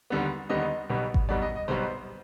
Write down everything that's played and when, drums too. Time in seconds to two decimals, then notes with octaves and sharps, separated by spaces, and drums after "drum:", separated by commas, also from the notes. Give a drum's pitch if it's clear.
0.10 D#2 D3 G3 B3
0.49 D#2 D3 G3 B3 D#5
0.89 B1 B2 G3 B3
1.14 drum: kick G#1
1.29 B1 B2 G3 B3 D5
1.42 D#5
1.56 D#5
1.68 B1 B2 G3 B3 C5